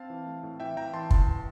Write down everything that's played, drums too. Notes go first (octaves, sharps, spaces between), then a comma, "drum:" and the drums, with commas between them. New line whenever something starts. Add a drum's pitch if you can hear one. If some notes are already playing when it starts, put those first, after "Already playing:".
Already playing: C4 F5 A5
E3
A3
A2
E3 E5 G5
E3 G5 A#5
E3 A5 C6
A1 A5 C6, drum: kick